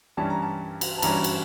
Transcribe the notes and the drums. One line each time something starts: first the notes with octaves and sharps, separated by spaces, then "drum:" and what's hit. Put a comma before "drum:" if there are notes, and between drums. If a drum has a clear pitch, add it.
G2 E3 G3 C#4 A5
A#5
A5
drum: cymbal
A5
G2 E3 G3 C#4 A#5, drum: cymbal
drum: cymbal